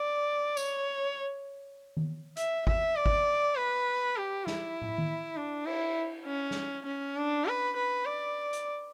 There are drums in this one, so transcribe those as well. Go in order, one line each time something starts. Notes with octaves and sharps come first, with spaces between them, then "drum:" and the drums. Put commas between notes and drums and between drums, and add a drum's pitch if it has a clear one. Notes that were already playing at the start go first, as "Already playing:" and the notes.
Already playing: D5
C#5, drum: tambourine
drum: tom D#3
E5, drum: hi-hat
E5, drum: kick G#1
D5
drum: kick G#1
B4
G4
E4, drum: snare
drum: tom
drum: tom D#3
D4
E4, drum: cymbal
C#4
drum: snare
C#4
D4
B4
B4
D5
drum: hi-hat